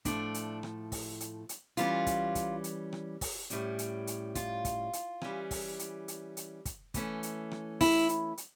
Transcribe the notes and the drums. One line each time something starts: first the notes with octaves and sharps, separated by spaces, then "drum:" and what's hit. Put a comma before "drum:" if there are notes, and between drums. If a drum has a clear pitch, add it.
A2 F3 A3 D4, drum: kick, hi-hat
drum: hi-hat
drum: rim click
drum: kick, open hi-hat
drum: hi-hat
drum: hi-hat
E3 G3 C#4 F4, drum: hi-hat
drum: kick, hi-hat
drum: kick, hi-hat
drum: hi-hat
drum: rim click
drum: kick, open hi-hat
A2 G3 C#4, drum: hi-hat
drum: hi-hat
drum: hi-hat
F4, drum: kick, hi-hat
drum: kick, hi-hat
drum: hi-hat
E3 G3 C#4, drum: rim click
drum: kick, open hi-hat
drum: hi-hat
drum: hi-hat
drum: hi-hat
drum: kick, hi-hat
E3 A3 C#4, drum: kick, hi-hat
drum: hi-hat
drum: rim click
E4, drum: kick, open hi-hat
drum: hi-hat
drum: hi-hat